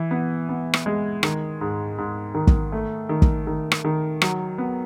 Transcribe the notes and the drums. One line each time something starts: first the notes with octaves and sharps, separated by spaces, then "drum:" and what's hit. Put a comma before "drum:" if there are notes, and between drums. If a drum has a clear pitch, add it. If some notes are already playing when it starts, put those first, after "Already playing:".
Already playing: E3
B3
B3
drum: rim click
G#3
D#3, drum: rim click
G#2
G#2
D#3
drum: kick
A3
D#3
drum: kick
D#3
drum: rim click
D#3
F#3, drum: rim click
B3